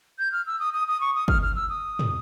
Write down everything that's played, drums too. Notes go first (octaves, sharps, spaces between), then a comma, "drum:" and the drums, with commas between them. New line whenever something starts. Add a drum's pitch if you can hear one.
G6
F6
E6
D#6
D#6
D#6
C#6
D#6
F6, drum: kick
F6
E6
D#6
drum: tom